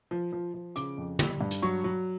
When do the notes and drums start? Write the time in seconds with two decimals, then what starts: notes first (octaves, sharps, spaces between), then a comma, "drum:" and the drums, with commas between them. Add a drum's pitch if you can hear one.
0.11 F3
0.33 F3
0.54 F3
0.76 C#3 D6, drum: hi-hat
0.98 F2
1.19 G3, drum: tom
1.41 G2
1.51 drum: hi-hat
1.62 F#3 C#6
1.84 F#3